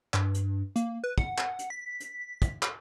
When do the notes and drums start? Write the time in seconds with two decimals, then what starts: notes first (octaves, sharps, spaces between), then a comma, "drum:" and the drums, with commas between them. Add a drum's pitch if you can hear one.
0.14 G2, drum: clap
0.34 drum: hi-hat
0.76 A#3, drum: hi-hat
1.04 B4
1.18 F#5, drum: kick
1.38 drum: clap
1.59 drum: hi-hat
1.70 B6
2.00 drum: hi-hat
2.42 drum: kick, hi-hat
2.62 drum: clap